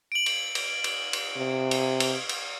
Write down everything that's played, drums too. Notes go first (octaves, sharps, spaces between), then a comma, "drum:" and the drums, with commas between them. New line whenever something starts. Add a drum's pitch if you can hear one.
D7 F#7
drum: cymbal
drum: cymbal
drum: cymbal
drum: cymbal
C3
drum: cymbal
drum: cymbal
drum: cymbal